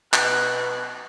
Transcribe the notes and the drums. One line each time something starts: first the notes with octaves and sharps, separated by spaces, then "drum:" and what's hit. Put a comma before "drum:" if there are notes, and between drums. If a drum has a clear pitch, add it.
B2 F#6, drum: clap